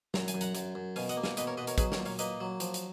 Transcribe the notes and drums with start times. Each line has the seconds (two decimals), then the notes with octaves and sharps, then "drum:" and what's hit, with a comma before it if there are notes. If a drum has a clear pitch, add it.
0.14 F#2 A#5, drum: snare
0.28 G#5, drum: hi-hat
0.34 F#2
0.41 F#5 A#5, drum: hi-hat
0.55 F#2, drum: hi-hat
0.75 F#2
0.96 B2 F5 G#5, drum: open hi-hat
1.09 D#5 F#5, drum: hi-hat
1.17 A#3
1.24 F5 G#5, drum: snare
1.37 B2 B4 D#5, drum: hi-hat
1.47 A#4 C#5
1.57 B2 B4 D#5
1.67 A#4 C#5, drum: hi-hat
1.78 F#3 G#4 B4, drum: kick, hi-hat
1.92 A#4 C#5, drum: snare
1.99 A#2
2.06 C#5 F5, drum: open hi-hat
2.19 A#3 B4 D#5, drum: hi-hat
2.41 F#3
2.60 F3, drum: hi-hat
2.74 drum: hi-hat